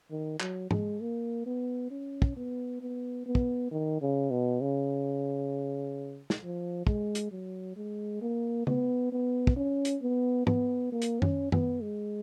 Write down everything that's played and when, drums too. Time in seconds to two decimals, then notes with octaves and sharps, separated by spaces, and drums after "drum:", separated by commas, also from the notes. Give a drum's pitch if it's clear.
0.11 D#3
0.40 F#3, drum: clap
0.71 G#3, drum: tom G#2
1.01 A#3
1.46 B3
1.91 C#4
2.22 drum: kick
2.37 B3
2.81 B3
3.26 B3
3.35 drum: kick
3.71 D#3
4.02 C#3
4.31 B2
4.61 C#3
6.30 drum: snare
6.42 F3
6.87 G#3, drum: kick
7.15 drum: hi-hat
7.31 F#3
7.76 G#3
8.22 A#3
8.67 B3, drum: tom C#3
9.12 B3
9.47 drum: kick
9.56 C#4
9.85 drum: hi-hat
10.02 B3
10.47 B3, drum: tom G#2
10.92 A#3
11.02 drum: hi-hat
11.22 C#4, drum: tom F#2
11.52 B3, drum: tom F#2
11.82 G#3